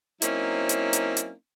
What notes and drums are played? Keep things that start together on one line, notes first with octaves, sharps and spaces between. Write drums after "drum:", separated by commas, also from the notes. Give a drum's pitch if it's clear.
F#3 A#3 C4 C#4 D#4 E4, drum: hi-hat
drum: hi-hat
drum: hi-hat
drum: hi-hat